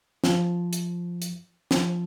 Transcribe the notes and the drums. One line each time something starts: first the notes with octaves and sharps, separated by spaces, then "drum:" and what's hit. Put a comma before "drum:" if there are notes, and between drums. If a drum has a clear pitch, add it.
F3, drum: snare
drum: hi-hat
drum: hi-hat
F3, drum: snare